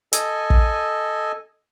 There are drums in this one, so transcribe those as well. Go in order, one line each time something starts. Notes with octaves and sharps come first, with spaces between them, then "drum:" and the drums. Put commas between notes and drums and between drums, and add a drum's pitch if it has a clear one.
A4 D#5 G#5, drum: hi-hat
drum: kick